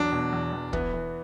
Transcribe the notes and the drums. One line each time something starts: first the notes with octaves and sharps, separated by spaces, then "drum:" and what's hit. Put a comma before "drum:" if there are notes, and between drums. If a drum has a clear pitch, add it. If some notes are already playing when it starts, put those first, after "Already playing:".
Already playing: E2 F#3 D4
B2
E2
E2
E3 B3, drum: kick
E3